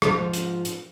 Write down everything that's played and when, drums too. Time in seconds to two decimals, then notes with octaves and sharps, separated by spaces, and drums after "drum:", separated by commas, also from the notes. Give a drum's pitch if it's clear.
0.02 G#2 F3, drum: rim click
0.33 drum: hi-hat
0.65 drum: hi-hat